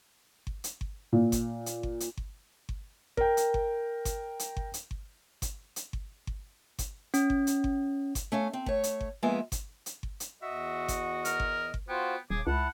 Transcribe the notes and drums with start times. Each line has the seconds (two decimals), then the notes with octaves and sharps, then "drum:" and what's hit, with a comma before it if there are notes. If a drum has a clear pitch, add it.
0.47 drum: kick G1
0.64 drum: hi-hat
0.81 drum: kick G1
1.13 A#2
1.32 drum: kick G1, hi-hat
1.66 drum: hi-hat
1.83 drum: kick G1
2.00 drum: hi-hat
2.17 drum: kick G1
2.69 drum: kick G1
3.17 A#4 G5, drum: kick G1
3.37 drum: hi-hat
3.54 drum: kick G1
4.05 drum: kick G1, hi-hat
4.39 drum: hi-hat
4.57 drum: kick G1
4.74 drum: hi-hat
4.91 drum: kick G1
5.42 drum: kick G1, hi-hat
5.76 drum: hi-hat
5.93 drum: kick G1
6.27 drum: kick G1
6.79 drum: kick G1, hi-hat
7.14 C#4, drum: hi-hat
7.30 drum: kick G1
7.47 drum: hi-hat
7.64 drum: kick G1
8.15 drum: kick G1, hi-hat
8.32 A3 C#4 F5
8.53 C4
8.66 A3 C#5, drum: kick G1
8.83 drum: hi-hat
9.01 drum: kick G1
9.23 F3 G#3 A#3 B3 E5 G#5
9.52 drum: kick G1, hi-hat
9.86 drum: hi-hat
10.03 drum: kick G1
10.20 drum: hi-hat
10.42 E2 F#4 D#5 E5
10.88 drum: kick G1, hi-hat
11.25 A#4, drum: hi-hat
11.40 drum: kick G1
11.74 drum: kick G1
11.89 B3 F4 F#4 C5 G5
12.30 D#1 C#3 G#4 D6
12.47 C#2 A3 E4 F#5 A5